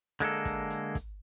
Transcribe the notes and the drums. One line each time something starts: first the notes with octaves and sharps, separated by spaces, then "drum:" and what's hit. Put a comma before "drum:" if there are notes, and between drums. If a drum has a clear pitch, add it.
D3 G#3 A#3 A4
drum: kick, hi-hat
drum: hi-hat
drum: kick, hi-hat